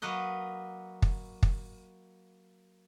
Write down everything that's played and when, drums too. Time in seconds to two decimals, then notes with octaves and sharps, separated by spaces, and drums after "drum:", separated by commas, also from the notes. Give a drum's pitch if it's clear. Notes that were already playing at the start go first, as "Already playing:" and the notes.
0.02 F#3 A#3 B4 D#5
1.02 drum: kick
1.43 drum: kick